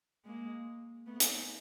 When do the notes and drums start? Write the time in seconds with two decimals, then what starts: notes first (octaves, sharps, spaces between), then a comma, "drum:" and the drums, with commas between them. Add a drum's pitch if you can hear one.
0.25 G#3 A#3
1.06 A3 B3
1.20 drum: hi-hat